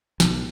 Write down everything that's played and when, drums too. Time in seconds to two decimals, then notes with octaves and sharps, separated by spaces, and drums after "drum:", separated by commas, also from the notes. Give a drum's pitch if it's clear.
0.20 B1, drum: snare